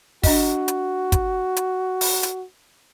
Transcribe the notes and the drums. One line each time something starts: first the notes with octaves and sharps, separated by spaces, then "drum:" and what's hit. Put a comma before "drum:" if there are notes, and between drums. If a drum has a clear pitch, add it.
D4 F#4 D#5, drum: kick, open hi-hat
drum: hi-hat
drum: kick, hi-hat
drum: hi-hat
drum: open hi-hat
drum: hi-hat